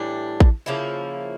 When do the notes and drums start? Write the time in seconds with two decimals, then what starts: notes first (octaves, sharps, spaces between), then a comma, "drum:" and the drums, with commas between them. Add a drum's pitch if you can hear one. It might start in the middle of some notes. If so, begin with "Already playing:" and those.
Already playing: A2 E3 G3 D4
0.40 drum: kick A1
0.66 C#3 F3 A#3 E4